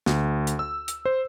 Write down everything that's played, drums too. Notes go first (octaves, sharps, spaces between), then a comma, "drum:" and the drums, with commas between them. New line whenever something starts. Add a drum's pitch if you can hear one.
D2, drum: snare
drum: hi-hat
E6
drum: hi-hat
C5